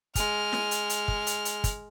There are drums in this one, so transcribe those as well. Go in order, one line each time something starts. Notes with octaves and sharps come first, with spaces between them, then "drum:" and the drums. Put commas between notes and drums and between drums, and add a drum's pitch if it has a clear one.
G#3 F6, drum: kick, hi-hat
drum: snare
drum: hi-hat
drum: hi-hat
drum: kick
drum: hi-hat
drum: hi-hat
drum: kick, hi-hat